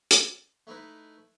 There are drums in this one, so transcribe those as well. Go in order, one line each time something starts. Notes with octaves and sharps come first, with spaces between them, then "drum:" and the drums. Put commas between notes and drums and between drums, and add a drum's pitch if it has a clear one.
drum: hi-hat
A3 D#4 E4 B4